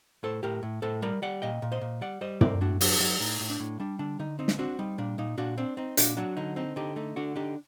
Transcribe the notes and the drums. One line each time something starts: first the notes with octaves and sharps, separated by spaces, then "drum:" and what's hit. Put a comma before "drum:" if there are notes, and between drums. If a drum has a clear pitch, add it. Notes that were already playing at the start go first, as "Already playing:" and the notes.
A2 A4 C5
A2 G4 A#4
A2
A2 A4 C5
G3 A#4 D5
G3 D5 F#5
A#2 D#5 G5
A#2
C5 D#5
A#2
G3 D5 F#5
G3 C5 D#5
C4 A#4 D5, drum: tom
A2 D4 F#4
F#3 D4 F#4, drum: open hi-hat
F#3 D#4 G4
A2 D#4
A2
D4
A2
G3 D4
D3 D4
D3 D#4
C4 D#4
drum: snare
C4 D4 F#4
G3 D#4
A#2 D4
A#2 D#4
A#2 D4 F#4
C4 D4
C4 D#4
A#2 D4 F#4, drum: hi-hat
F#3 D4 F#4
D3 D#4
C4 D#4
D3 D#4 G4
A3 D#4
D3 D4 F#4
D4 D#4 G4